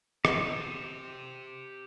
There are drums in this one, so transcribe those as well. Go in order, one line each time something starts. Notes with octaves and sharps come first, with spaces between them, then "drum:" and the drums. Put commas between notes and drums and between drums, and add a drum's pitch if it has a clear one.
G4 C5, drum: rim click